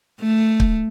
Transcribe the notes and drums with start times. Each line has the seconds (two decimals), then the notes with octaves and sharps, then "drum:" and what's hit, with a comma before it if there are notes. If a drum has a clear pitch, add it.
0.20 A3
0.60 drum: kick